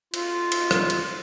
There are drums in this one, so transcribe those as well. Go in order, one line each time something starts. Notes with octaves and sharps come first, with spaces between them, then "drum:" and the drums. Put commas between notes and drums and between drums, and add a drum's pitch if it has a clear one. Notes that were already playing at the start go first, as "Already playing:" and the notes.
F4, drum: cymbal
drum: cymbal
drum: rim click
drum: cymbal